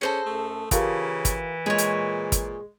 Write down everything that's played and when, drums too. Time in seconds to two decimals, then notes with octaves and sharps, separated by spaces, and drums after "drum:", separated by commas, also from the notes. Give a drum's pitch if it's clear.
0.01 C#4 G#4 A4 C5 D#5
0.26 F#2 A3
0.71 C#3 E3 F4 G4 A#4, drum: kick, hi-hat
1.25 drum: kick, hi-hat
1.66 A#2 G#3 G#4 C#5
1.78 drum: hi-hat
2.32 drum: kick, hi-hat